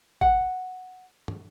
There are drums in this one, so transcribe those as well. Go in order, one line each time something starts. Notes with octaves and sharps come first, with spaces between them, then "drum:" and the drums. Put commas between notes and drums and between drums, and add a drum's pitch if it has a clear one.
F#5, drum: kick
drum: tom